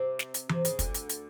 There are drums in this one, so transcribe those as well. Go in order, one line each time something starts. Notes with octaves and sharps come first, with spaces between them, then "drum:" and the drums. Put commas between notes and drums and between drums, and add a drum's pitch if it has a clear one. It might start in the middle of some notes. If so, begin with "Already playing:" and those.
Already playing: C3
drum: snare
drum: hi-hat
C3, drum: tom E3
C#3, drum: hi-hat
D2 D3, drum: kick, hi-hat
drum: hi-hat
drum: hi-hat